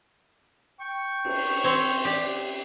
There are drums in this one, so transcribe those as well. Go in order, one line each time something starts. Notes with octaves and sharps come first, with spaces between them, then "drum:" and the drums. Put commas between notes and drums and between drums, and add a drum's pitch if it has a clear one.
G5 C#6
drum: cymbal
C4 C#5
G4 D5